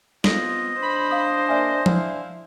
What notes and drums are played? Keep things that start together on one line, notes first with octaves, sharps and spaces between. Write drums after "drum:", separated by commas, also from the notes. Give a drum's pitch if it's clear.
B3 C4 F4 D#5, drum: snare
D4 C5 B5
F5 D#6
A#3 D5 E5 G#5
E4 F5, drum: tom F3